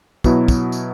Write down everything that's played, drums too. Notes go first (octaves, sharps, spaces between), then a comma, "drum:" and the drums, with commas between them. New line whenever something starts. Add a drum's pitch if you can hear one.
B2 F#3 B3 E4, drum: kick, tambourine
drum: kick, tambourine
drum: tambourine